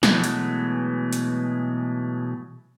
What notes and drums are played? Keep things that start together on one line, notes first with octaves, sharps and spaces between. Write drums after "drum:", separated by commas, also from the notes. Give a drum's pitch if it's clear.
B2 E3 F#3 G#3 A3, drum: snare
drum: hi-hat
drum: hi-hat